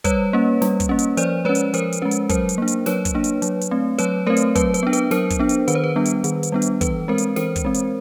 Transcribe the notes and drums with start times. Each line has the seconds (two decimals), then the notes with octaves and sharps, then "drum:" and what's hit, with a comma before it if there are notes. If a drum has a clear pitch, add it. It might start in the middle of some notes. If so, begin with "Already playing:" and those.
0.04 G3 B4 C#5, drum: kick, hi-hat
0.33 A#3 C#4
0.62 G3, drum: snare
0.80 drum: kick, hi-hat
0.89 A#3 C#4
0.99 drum: hi-hat
1.17 F3 C5 D5, drum: hi-hat
1.45 G#3 C#4 B4 C#5
1.55 drum: hi-hat
1.74 F3 A#4 C5, drum: hi-hat
1.92 drum: hi-hat
2.02 G#3 C#4 B4
2.11 drum: hi-hat
2.29 F#3 A#4 C5, drum: kick, hi-hat
2.49 drum: hi-hat
2.58 A#3 D4
2.68 drum: hi-hat
2.86 F#3 B4 C#5, drum: snare
3.05 drum: kick, hi-hat
3.15 A#3 D4
3.24 drum: hi-hat
3.42 F#3, drum: hi-hat
3.61 drum: hi-hat
3.71 A3 C4
3.98 F#3 B4 C#5, drum: hi-hat
4.26 A3 C4 A#4 C5
4.36 drum: hi-hat
4.55 F#3 B4, drum: kick, hi-hat
4.74 B4, drum: hi-hat
4.83 B3 D4
4.93 B4, drum: hi-hat
5.11 F#3 A#4 C5, drum: snare
5.30 drum: kick, hi-hat
5.39 B3 D4
5.49 drum: hi-hat
5.68 D#3 B4, drum: hi-hat
5.75 C5
5.84 B4
5.96 G3 B3 D4
6.05 drum: hi-hat
6.24 D#3, drum: hi-hat
6.43 drum: hi-hat
6.52 G3 B3 D4
6.62 drum: hi-hat
6.81 E3 B4, drum: kick, hi-hat
7.08 G#3 C4 A#4 C5
7.18 drum: hi-hat
7.36 E3 A#4 C5, drum: snare
7.56 drum: kick, hi-hat
7.65 G#3 C4
7.74 drum: hi-hat